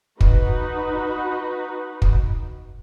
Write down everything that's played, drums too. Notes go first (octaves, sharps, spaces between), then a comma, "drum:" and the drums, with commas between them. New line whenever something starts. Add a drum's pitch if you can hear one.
D#4 F#4 B4, drum: kick
drum: kick